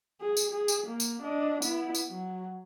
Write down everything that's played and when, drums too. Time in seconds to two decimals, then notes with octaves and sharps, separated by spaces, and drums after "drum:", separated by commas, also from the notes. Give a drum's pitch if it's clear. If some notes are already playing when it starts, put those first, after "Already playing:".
0.21 G#4
0.37 drum: tambourine
0.52 G#4
0.68 drum: tambourine
0.87 A#3
1.00 drum: tambourine
1.23 D4 D#5
1.62 B3 E4, drum: tambourine
1.95 drum: tambourine
2.10 F#3